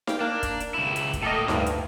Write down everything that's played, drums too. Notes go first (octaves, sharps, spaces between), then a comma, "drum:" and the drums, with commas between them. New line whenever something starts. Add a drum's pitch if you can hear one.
F5 G5, drum: snare D#4
A#3 D4
drum: kick, hi-hat
drum: hi-hat
C#2 E4
drum: hi-hat
drum: kick, hi-hat
A2 A#3 A4 D#5
D2 G2, drum: snare D#4
drum: hi-hat